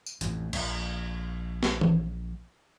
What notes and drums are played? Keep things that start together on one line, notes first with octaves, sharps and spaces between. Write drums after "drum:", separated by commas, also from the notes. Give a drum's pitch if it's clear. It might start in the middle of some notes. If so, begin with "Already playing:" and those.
drum: tambourine
A1 F2, drum: hi-hat
A#1, drum: cymbal
drum: snare
drum: tom E3